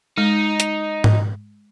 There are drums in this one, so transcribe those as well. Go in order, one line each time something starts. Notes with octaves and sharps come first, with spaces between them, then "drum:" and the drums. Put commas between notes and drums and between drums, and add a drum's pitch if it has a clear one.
G#3 D#4
drum: hi-hat
drum: tom G#2